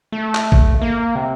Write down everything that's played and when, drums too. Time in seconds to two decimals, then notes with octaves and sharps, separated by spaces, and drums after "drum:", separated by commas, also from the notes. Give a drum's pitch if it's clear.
0.12 A3
0.35 drum: clap
0.52 drum: kick
0.82 A#3
1.15 C3